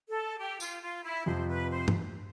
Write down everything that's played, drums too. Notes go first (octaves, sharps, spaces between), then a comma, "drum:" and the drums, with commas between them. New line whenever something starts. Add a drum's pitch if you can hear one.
A4
G4
F4, drum: tambourine
F4
E4
F2 C3 F3 C5
B4
C5
drum: tom